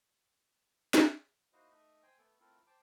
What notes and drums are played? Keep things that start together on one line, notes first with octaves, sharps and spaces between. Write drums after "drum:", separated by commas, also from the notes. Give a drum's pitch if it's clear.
drum: snare
A#3 D#4 E4 F#4 C5 D#5
A3 D#4 D#5 E5
C5 G5 G#5
A3 B3 A4
A3 C4 E4 F4 A4 A#4
C5 G5 A5 D6